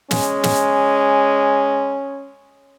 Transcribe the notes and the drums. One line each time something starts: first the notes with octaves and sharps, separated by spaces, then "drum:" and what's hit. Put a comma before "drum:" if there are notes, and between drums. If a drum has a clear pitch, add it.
G#3 C#4, drum: snare
drum: snare